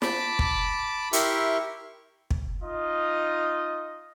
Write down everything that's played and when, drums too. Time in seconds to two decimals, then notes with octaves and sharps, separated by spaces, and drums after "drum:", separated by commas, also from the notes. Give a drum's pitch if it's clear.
0.02 A5 B5 D6, drum: snare
0.39 drum: kick
1.13 E4 G4 A#4 E5 C6 C#6, drum: hi-hat
2.31 drum: kick
2.63 D#4 F4 D#5